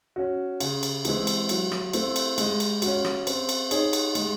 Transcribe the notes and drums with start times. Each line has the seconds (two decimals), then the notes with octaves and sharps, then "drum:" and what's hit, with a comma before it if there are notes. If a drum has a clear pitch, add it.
0.16 C#4 F#4
0.61 C#3, drum: cymbal
0.83 drum: cymbal
1.05 E3 G#3 C4 E4, drum: cymbal
1.27 drum: cymbal
1.49 F#3, drum: cymbal
1.71 drum: rim click
1.93 A3 C4 E4, drum: cymbal
2.16 drum: cymbal
2.38 G#3, drum: cymbal
2.60 drum: cymbal
2.82 C#4 F#4, drum: cymbal
3.04 drum: rim click
3.27 C4, drum: cymbal
3.49 drum: cymbal
3.71 D#4 G#4 C#5, drum: cymbal
3.93 drum: cymbal
4.15 G#3, drum: cymbal